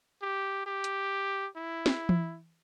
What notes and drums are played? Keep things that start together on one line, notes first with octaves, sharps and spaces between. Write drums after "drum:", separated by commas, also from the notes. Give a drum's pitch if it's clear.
G4
G4
drum: hi-hat
E4
drum: snare
drum: tom E3